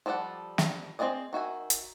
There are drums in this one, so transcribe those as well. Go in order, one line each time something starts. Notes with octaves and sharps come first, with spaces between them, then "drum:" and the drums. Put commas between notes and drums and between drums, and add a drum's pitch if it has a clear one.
F3 G3 A4 D5 F#5
drum: snare
C4 F#4 G#4 D5 D#5
D#3 F#4 E5 G#5
drum: hi-hat